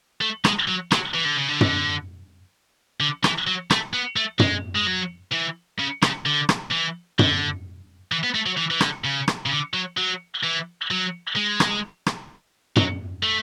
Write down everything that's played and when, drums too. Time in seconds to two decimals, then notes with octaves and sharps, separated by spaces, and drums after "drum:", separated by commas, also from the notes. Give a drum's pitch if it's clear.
0.21 A3
0.45 G#3, drum: rim click
0.68 F#3
0.92 F#3, drum: rim click
1.14 E3
1.25 D3
1.37 C#3
1.49 D3
1.61 drum: tom
3.00 D3
3.24 E3, drum: rim click
3.47 F#3
3.70 A3, drum: rim click
3.93 B3
4.16 A3
4.40 G#3, drum: tom
4.75 G#3
4.86 F#3
5.32 E3
5.79 C#3
6.02 C#3, drum: rim click
6.26 D3
6.49 drum: rim click
6.72 E3
7.19 D3, drum: tom
8.12 E3
8.24 B3
8.35 A3
8.46 F#3
8.57 E3
8.71 E3
8.81 D3, drum: rim click
9.04 C#3
9.28 drum: rim click
9.46 C#3
9.51 D3
9.74 F#3
9.97 F#3
10.43 E3
10.91 F#3
11.36 G#3
11.60 drum: rim click
12.06 drum: rim click
12.76 F#3, drum: tom
13.23 A3